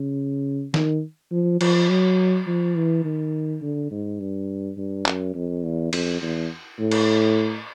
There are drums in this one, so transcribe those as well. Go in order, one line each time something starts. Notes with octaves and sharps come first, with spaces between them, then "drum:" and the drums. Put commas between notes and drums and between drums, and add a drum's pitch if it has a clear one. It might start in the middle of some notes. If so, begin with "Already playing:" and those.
Already playing: C#3
D#3, drum: snare
F3
F3, drum: cymbal
F#3
F3
E3
D#3
D3
G#2
G2
G2
F#2, drum: clap
F2
E2
F2, drum: cymbal
E2
A2
drum: cymbal